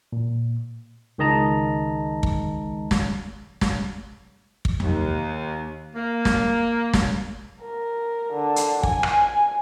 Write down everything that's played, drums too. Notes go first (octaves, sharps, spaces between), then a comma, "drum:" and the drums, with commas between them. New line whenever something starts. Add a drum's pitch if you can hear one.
A#2
C#2 D#3 G#3 D#5 A5 A#5
drum: kick
drum: snare
drum: snare
drum: kick
D#2, drum: tom E2
A#3
drum: snare
drum: snare
A#4
D3
drum: hi-hat
G#5, drum: kick
drum: rim click